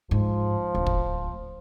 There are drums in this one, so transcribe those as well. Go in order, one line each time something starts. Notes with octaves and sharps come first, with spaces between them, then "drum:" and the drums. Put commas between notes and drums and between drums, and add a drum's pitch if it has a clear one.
G#2 F3
D1
drum: kick